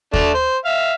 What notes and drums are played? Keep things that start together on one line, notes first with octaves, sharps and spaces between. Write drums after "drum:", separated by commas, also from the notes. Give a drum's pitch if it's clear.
A3 D4, drum: kick D#2
C5
E5 F5